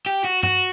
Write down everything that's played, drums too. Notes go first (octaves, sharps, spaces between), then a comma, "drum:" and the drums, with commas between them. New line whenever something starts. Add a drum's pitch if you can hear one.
G4
F#4
F#4, drum: tom G2